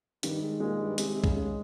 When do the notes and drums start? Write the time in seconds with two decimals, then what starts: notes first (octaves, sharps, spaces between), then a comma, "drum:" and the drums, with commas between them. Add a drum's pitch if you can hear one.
0.23 G2 D#3, drum: hi-hat
0.42 G#2
0.60 A#2 G#3
0.79 G2
0.98 C3 G#3, drum: hi-hat
1.14 C3
1.24 C#3, drum: kick
1.37 G#3